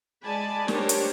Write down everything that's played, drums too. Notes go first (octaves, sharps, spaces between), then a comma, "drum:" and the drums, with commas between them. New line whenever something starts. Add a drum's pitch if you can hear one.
G#3 D5 G#5 A5 B5
D4 G4 A#4 C5 C#5, drum: snare
drum: hi-hat